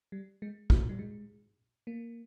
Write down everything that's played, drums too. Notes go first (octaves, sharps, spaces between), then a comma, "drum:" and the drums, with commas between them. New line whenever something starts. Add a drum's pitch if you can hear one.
G3
G#3
A#3, drum: kick
G3
G#3
A#3